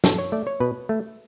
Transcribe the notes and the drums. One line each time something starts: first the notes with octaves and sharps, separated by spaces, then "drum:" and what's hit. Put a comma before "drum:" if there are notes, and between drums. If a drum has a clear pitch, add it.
B2 A4, drum: snare
C#5
A3 D5
C#5
B2 B4
A3